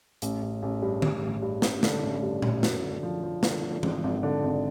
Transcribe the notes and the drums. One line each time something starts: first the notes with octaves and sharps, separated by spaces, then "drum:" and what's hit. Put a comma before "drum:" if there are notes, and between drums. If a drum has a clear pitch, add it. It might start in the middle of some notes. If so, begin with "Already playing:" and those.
A1, drum: hi-hat
A1
A1
G2
A1, drum: tom D3
A1
G2
A1, drum: snare
D3, drum: snare
A1
G2
A1, drum: tom A#2
F#2, drum: snare
D3
F3
F3
D3, drum: snare
F3
G#1, drum: tom E3
G#1
D3
G#1